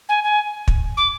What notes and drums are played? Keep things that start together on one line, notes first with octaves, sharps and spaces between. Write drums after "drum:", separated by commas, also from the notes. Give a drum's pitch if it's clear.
G#5
G#5
drum: kick
D6